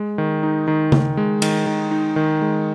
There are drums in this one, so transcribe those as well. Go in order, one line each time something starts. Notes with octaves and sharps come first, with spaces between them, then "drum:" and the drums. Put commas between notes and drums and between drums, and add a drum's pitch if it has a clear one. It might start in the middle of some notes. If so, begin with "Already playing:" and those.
Already playing: G#3
D#3
D#4
D#3
D#3, drum: tom C#3
G#3
D#3, drum: cymbal
D#3
D#4
D#3
G#3